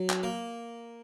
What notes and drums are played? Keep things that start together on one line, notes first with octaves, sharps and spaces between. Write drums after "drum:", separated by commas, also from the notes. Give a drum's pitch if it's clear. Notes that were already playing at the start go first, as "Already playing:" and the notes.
Already playing: F#3
drum: clap
A#3